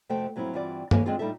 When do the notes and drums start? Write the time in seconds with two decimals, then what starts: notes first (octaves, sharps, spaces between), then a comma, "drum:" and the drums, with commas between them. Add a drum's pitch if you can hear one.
0.09 F2 C3 A3 F#4 C5 G5
0.36 G2 F#3 C4 C#4 E4 F4
0.53 G2 E3 C4 F4 F#4 D5
0.91 A#3 A4 B4 C#5 E5 G#5, drum: tom G2
1.05 G#3 C4 D4 F4 G#4
1.19 A2 G3 D#4 F4 A4 E5